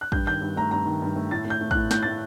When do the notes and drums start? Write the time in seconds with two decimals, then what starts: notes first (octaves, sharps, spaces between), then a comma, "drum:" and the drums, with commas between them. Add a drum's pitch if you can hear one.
0.01 F#6
0.12 G2 G6, drum: kick
0.27 D#3 G6
0.41 G2
0.56 A3 A#5
0.71 G2 A#5
0.86 D#3
1.02 G2
1.16 A3
1.31 A2 A6
1.45 A3
1.50 G6
1.61 A3
1.71 F#6, drum: kick
1.75 A2
1.91 A2 G6, drum: snare
2.02 A3 A6